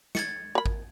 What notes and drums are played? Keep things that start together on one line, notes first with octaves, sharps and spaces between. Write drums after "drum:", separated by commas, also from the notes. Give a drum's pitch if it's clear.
G#6 A6 C#7, drum: snare
A#4 B5
drum: kick